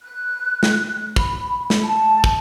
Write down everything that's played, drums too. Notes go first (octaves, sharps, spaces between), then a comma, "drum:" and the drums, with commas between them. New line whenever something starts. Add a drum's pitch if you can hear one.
F#6
drum: snare
B5, drum: kick
drum: snare
A5
drum: kick